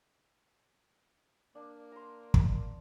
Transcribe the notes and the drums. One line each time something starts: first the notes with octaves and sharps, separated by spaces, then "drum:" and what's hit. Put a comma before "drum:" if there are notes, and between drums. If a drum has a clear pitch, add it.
A#3 D4
A#5 C6
drum: kick